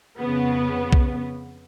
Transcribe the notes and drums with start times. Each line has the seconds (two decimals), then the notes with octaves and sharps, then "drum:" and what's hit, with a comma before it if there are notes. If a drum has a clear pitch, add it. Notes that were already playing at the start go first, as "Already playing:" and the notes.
0.20 F2 C#3 B3
0.93 drum: kick B1